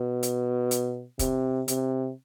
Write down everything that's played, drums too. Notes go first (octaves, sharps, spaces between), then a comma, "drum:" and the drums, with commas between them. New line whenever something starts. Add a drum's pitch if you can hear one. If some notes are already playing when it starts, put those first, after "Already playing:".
Already playing: B2
drum: hi-hat
drum: hi-hat
C3, drum: kick, hi-hat
C3, drum: hi-hat